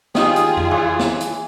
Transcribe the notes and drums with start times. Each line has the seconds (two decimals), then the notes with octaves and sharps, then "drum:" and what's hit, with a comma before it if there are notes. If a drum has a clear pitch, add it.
0.15 D#3 D#4 F4 G4 G#4, drum: snare
0.36 drum: hi-hat
0.57 drum: tom F2
0.71 E3 C#5
0.99 drum: snare
1.20 drum: hi-hat